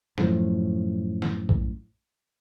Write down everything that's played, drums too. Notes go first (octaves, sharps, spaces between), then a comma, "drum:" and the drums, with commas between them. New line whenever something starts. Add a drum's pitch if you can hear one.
F#2 A2 F3, drum: snare
drum: snare
drum: kick A#1